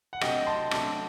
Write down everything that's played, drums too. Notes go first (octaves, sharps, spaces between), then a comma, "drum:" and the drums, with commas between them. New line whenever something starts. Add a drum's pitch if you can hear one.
F#5
C3 F#3 A3 D4 F#4 D#5 G5, drum: rim click
A5 C6
C3 F#3 A3 D4 F#4, drum: rim click